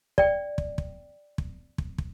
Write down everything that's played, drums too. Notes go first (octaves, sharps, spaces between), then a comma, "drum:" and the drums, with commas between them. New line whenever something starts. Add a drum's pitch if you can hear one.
D5 G5, drum: kick
drum: kick
drum: kick
drum: kick
drum: kick
drum: kick